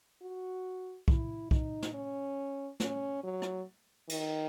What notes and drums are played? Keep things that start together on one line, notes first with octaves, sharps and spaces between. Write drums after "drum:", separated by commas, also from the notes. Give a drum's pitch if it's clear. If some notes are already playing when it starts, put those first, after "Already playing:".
F#4
E4, drum: kick
D#4, drum: kick
drum: snare
C#4
C#4, drum: snare
F#3
drum: rim click
D#3, drum: cymbal